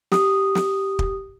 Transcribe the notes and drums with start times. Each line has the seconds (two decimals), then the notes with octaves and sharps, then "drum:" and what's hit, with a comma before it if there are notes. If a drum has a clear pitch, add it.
0.12 G4 D#6, drum: snare
0.55 drum: snare
0.99 drum: kick